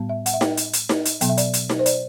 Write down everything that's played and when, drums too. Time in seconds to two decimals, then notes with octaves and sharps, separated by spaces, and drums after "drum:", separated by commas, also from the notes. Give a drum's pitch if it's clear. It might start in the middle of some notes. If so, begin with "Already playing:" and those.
Already playing: A2 G3 B3
0.09 E5
0.26 F#5, drum: hi-hat
0.33 E5
0.41 G5, drum: snare D#4
0.57 drum: hi-hat
0.73 drum: hi-hat
0.89 drum: snare D#4
1.05 drum: hi-hat
1.21 B2 F#3 B3 G5, drum: hi-hat
1.29 E5
1.37 D5, drum: hi-hat
1.53 drum: hi-hat
1.69 drum: snare D#4
1.79 C5
1.86 D5, drum: hi-hat